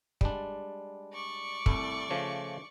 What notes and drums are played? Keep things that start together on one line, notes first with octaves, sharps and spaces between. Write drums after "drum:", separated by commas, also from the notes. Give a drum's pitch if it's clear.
G3 G#3 D4, drum: kick
D5 C#6
C2 A3 E4, drum: kick
C#3 F3 A3